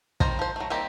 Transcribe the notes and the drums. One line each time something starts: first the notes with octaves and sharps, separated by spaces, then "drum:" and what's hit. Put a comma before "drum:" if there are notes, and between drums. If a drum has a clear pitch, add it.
D#3 G3 C5 D5 A#5, drum: kick
F3 C5
F#3 A3
D#3 G3 A#3 C4 G4